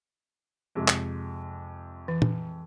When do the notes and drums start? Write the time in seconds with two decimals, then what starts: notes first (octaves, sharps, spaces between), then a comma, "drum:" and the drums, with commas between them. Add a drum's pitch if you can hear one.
0.75 F2 C3 G#3
0.88 drum: clap
2.08 E3
2.22 drum: tom